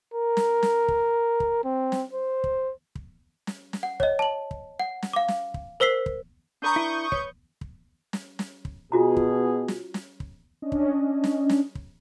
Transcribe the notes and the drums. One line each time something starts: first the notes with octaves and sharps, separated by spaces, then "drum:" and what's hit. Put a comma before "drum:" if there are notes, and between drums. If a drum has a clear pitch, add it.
A#4
drum: snare
drum: snare
drum: kick
drum: kick
C4
drum: snare
C5
drum: kick
drum: kick
drum: snare
drum: snare
F#5
C#5 D#5, drum: kick
A5 F#7
drum: kick
F#5
drum: snare
F5 D6
drum: snare
drum: kick
A#4 C5 E6 B6 C7
drum: kick
D4 B4 A#5 C#6 D#6 G6
E4
B4 C#5, drum: kick
drum: kick
drum: snare
drum: snare
drum: kick
B2 F4 F#4 G#4 A#5
drum: kick
drum: snare
drum: snare
drum: kick
C#4 D4 D#5
drum: kick
drum: snare
drum: snare
drum: kick